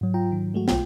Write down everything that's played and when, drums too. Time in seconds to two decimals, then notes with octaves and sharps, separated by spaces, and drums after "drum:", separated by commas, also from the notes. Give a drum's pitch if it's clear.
0.01 G#2 F#3
0.14 F4 G5 A#5
0.32 D#3
0.54 G#3 A3 F#4
0.68 B1 F4 G5, drum: snare